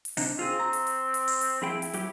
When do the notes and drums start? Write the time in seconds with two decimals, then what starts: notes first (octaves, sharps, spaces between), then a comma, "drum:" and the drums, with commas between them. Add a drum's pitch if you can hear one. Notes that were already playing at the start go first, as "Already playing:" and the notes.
0.05 drum: hi-hat
0.17 C3 D4 D#4, drum: open hi-hat
0.39 C4 F4 G#4
0.59 A#5
0.73 drum: hi-hat
0.87 drum: hi-hat
1.14 drum: hi-hat
1.28 drum: open hi-hat
1.41 drum: hi-hat
1.62 F2 E4 G#4 G5
1.82 drum: hi-hat
1.93 F#2 F#3 G4, drum: hi-hat